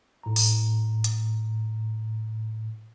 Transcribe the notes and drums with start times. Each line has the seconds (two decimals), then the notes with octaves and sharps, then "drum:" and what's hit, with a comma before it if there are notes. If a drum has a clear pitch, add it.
0.23 A2 A#5
0.36 drum: open hi-hat
1.04 drum: hi-hat